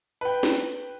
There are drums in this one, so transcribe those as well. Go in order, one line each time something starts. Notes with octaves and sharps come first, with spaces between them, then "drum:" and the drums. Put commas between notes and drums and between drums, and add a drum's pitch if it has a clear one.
B4 G5
drum: snare